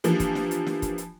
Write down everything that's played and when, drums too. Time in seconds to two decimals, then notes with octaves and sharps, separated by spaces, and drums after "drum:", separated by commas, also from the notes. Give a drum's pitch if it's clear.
0.04 E3 F3 A#3 D4 G4, drum: hi-hat
0.20 drum: kick, hi-hat
0.35 drum: snare
0.51 drum: hi-hat
0.67 drum: snare
0.82 drum: kick, hi-hat
0.98 drum: hi-hat